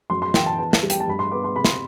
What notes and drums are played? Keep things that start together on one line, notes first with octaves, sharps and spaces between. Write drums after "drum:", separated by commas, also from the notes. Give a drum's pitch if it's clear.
F#2 C6
C6
E3 G5, drum: snare
A5
B3 A5
drum: snare
G3
G5, drum: hi-hat
A5
G2 B5
C6
B3 D6
C6
C3 B5
C6, drum: snare